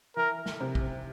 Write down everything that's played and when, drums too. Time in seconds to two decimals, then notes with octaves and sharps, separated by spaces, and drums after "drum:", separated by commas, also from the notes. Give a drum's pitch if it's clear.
0.17 E3 A#4
0.46 drum: snare
0.60 C3
0.75 drum: kick